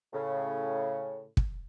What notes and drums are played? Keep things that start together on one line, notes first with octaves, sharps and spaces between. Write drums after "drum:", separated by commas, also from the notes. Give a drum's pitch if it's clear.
A2 C#3
drum: kick